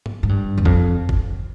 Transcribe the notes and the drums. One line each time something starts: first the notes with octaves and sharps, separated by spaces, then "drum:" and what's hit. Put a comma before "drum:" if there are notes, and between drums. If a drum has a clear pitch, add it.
drum: tom G#2
G#2
G2
E2
F2, drum: kick F#1
drum: kick F#1